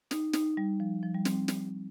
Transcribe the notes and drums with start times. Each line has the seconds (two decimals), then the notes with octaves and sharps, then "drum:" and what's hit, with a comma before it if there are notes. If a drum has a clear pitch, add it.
0.11 D#4, drum: snare
0.33 D#4, drum: snare
0.57 G3
0.80 F3
1.03 F3
1.14 G3
1.25 C4, drum: snare
1.48 drum: snare